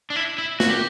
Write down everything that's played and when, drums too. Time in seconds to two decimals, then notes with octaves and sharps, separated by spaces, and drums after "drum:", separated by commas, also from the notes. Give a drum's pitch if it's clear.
0.10 D4
0.16 E4
0.38 E4
0.60 F#4, drum: snare
0.70 G4